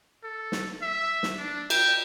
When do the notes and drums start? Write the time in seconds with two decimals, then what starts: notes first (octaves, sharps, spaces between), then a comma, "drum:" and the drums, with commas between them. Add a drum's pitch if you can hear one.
0.24 A4
0.52 drum: snare
0.82 E5
1.23 drum: snare
1.37 D4
1.70 G5, drum: cymbal